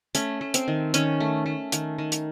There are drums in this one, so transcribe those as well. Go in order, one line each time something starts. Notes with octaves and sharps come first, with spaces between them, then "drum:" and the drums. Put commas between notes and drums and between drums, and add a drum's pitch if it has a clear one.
A3 C#4, drum: hi-hat
A3
C4, drum: hi-hat
D#3
D#3 C#4, drum: hi-hat
A3
A3
D#3, drum: hi-hat
D#3
drum: hi-hat